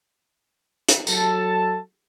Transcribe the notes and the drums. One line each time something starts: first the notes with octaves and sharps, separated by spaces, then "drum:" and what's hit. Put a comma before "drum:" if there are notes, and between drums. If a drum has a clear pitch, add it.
drum: hi-hat
F#3 A4 A5, drum: tambourine